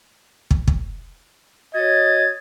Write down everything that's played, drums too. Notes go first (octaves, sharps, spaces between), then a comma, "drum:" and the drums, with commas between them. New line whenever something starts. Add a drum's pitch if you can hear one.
drum: kick
drum: kick
F#4 C#5 D#5 G#6 A6